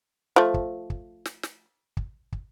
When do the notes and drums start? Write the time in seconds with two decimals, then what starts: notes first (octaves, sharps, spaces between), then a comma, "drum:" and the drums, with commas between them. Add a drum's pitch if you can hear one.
0.36 F3 A3
0.54 drum: kick
0.90 drum: kick
1.26 drum: snare
1.43 drum: snare
1.97 drum: kick
2.32 drum: kick